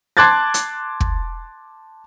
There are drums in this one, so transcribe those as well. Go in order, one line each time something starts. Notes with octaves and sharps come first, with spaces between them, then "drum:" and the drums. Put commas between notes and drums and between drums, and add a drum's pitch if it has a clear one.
A5 C6 D6 F#6 G#6 A6
drum: hi-hat
drum: kick